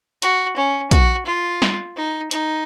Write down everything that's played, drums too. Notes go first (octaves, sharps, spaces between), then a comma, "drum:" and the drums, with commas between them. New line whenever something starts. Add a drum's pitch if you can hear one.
F#4, drum: hi-hat
C#4
F#4, drum: kick, hi-hat
F4
drum: snare
D#4
D#4, drum: hi-hat